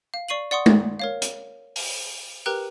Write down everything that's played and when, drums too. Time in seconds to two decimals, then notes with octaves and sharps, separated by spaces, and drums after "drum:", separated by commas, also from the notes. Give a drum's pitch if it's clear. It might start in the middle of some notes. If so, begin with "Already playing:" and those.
0.14 F5
0.28 D5 C#6 C7 D#7 F#7
0.51 D5 F#5 C6 C#6 D#6
0.66 drum: tom G#3
0.99 A#4 C#5 F5
1.22 drum: hi-hat
1.76 drum: open hi-hat
2.46 G4 A#4 B4 G5 A#5 F#6